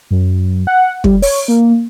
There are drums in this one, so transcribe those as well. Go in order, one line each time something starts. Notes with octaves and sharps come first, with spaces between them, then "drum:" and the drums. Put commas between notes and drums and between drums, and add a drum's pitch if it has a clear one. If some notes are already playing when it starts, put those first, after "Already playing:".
F#2
F#5
G3, drum: kick
C#5, drum: open hi-hat
A#3